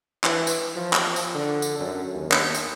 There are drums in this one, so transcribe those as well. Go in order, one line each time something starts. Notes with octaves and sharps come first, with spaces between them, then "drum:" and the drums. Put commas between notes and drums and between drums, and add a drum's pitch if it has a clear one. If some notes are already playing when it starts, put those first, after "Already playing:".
E3, drum: clap
drum: tambourine
F3
drum: clap
drum: tambourine
D3
drum: tambourine
F#2
D#2
drum: clap
drum: tambourine